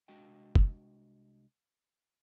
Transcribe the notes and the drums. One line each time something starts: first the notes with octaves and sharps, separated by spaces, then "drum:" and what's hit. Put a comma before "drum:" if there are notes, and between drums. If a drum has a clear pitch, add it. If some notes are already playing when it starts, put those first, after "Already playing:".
C2 G#3 D4 F#4 D#5 G5
drum: kick